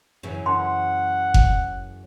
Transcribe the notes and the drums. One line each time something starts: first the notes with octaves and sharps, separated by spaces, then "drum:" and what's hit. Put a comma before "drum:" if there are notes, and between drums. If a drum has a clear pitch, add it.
F#2 C#3 E3
F#5 C6
drum: kick F#1